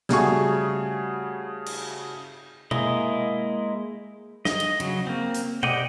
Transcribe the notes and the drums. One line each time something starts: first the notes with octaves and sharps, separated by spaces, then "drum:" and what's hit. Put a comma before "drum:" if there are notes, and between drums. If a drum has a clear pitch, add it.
C#3 G3 A3 F#4 G#4 C#6, drum: snare
drum: cymbal
G#3 A#3 E4 D#5, drum: tom B2
D#5, drum: snare
drum: cymbal
C#3 F#3, drum: cymbal
A#3 C4
drum: hi-hat
G4 D5 D#5 F#5 G5, drum: tom B2